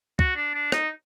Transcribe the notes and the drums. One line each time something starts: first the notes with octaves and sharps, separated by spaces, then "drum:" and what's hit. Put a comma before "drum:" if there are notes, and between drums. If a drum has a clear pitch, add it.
F#4, drum: kick
D4
D4
D#4, drum: rim click